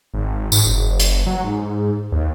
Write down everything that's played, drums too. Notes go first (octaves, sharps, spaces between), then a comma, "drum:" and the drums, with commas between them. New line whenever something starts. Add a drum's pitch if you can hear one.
G#1
G#2, drum: tambourine
F#1
drum: hi-hat
F#3
G#2
D#2